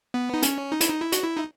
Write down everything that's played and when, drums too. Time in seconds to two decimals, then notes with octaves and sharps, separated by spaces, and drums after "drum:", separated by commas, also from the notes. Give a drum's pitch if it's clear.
0.14 B3
0.34 D#4
0.42 C#4, drum: hi-hat
0.72 D#4
0.81 E4, drum: hi-hat
0.89 D#4
1.01 E4
1.12 F#4, drum: hi-hat
1.23 E4
1.37 D#4